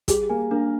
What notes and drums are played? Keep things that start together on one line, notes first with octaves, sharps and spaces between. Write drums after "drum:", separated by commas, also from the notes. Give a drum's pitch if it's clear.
G3 G4 G#4, drum: kick, hi-hat
A#3 A#4 G#5
A#3 D4 A#4